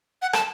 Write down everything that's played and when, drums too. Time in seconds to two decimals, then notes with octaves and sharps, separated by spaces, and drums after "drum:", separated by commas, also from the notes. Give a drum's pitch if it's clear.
0.22 F#5
0.33 A5, drum: rim click